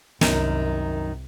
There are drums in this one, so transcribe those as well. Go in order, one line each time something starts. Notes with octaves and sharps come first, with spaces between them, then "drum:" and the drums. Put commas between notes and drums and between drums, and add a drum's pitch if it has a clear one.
C2 F#2 D#3, drum: snare